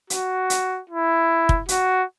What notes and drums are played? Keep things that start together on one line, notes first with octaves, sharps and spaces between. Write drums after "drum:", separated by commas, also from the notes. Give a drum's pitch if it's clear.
F#4, drum: hi-hat
drum: hi-hat
E4
drum: kick
F#4, drum: hi-hat